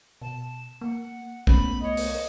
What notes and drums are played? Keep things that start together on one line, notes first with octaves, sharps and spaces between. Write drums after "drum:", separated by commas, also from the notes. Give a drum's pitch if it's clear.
B2 A5
A#3 F#5
A3 B3 C#4 B5, drum: kick
C2 C#5 D#5
drum: open hi-hat